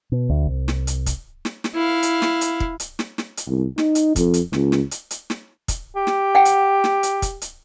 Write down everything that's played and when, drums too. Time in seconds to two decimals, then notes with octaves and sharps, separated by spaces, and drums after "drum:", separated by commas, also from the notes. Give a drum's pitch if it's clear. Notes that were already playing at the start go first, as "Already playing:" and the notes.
0.12 B2
0.29 D2
0.46 C2
0.68 drum: snare
0.87 drum: hi-hat
1.06 drum: kick, hi-hat
1.45 drum: snare
1.64 drum: snare
1.74 E4 F5
2.03 drum: hi-hat
2.22 drum: snare
2.41 drum: hi-hat
2.60 drum: kick
2.80 drum: hi-hat
2.99 drum: snare
3.18 drum: snare
3.37 drum: hi-hat
3.48 C2
3.78 D#4, drum: snare
3.95 drum: hi-hat
4.16 F2, drum: kick, hi-hat
4.34 drum: hi-hat
4.53 C#2, drum: snare
4.72 drum: snare
4.91 drum: hi-hat
5.11 drum: hi-hat
5.30 drum: snare
5.68 drum: kick, hi-hat
5.96 G4
6.07 drum: snare
6.35 F#5 G5
6.45 drum: hi-hat
6.84 drum: snare
7.03 drum: hi-hat
7.22 drum: kick, hi-hat
7.42 drum: hi-hat